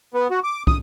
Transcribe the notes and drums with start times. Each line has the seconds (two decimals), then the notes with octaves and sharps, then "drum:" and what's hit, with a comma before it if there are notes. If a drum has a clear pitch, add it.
0.14 B3
0.31 F#4
0.44 D6
0.67 D#6, drum: kick